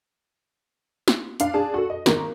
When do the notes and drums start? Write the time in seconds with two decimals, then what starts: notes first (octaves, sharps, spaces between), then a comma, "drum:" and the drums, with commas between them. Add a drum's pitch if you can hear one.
1.08 drum: snare
1.40 D4 F5, drum: hi-hat
1.54 D4 G#4 D5 A5
1.74 F#4 A4
1.90 D#5
2.06 G#1 A#4, drum: snare